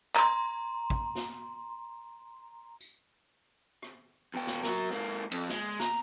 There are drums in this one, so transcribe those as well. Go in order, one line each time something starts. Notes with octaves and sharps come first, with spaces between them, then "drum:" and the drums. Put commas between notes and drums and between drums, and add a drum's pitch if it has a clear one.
A#5 C6, drum: clap
drum: kick
drum: snare
drum: tambourine
drum: rim click
E2 G5
drum: snare
F#3 A#4, drum: snare
G#2 A#3
F2, drum: cymbal
G#3, drum: snare
A#5, drum: snare